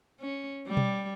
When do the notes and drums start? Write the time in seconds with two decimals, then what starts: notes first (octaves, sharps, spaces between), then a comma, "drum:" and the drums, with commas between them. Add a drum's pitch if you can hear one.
0.20 C#4
0.68 G3
0.77 drum: tom B2